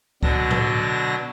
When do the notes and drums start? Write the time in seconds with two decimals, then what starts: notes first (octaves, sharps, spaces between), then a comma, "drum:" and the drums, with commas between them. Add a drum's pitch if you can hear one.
0.23 B2 D3 F#3 D4 A#6, drum: kick C#2
0.51 drum: tom